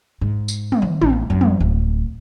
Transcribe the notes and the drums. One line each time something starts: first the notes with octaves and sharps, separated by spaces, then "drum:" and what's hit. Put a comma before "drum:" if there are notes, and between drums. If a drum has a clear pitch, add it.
G#2
drum: tambourine
drum: tom
D#3
A1, drum: tom
F#2
drum: tom
D1